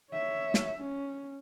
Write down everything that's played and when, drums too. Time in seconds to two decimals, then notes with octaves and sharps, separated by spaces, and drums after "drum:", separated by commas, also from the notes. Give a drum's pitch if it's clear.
0.12 C#5 E5
0.54 drum: snare
0.78 C#4